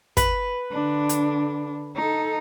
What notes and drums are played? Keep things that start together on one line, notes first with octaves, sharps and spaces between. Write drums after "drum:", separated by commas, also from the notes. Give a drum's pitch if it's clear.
B4, drum: kick, hi-hat
D3 D4
drum: hi-hat
D#4 A4